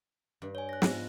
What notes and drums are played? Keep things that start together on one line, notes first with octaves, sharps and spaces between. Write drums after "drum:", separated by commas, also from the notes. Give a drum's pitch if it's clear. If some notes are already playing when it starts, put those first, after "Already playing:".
G2
C#5 G#5
F#6 A#6
G#2 F3 B3 F4, drum: snare